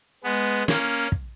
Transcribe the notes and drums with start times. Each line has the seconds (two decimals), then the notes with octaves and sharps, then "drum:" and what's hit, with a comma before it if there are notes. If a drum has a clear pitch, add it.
0.24 G#3 B3
0.68 A#3 C#4, drum: snare
1.12 drum: kick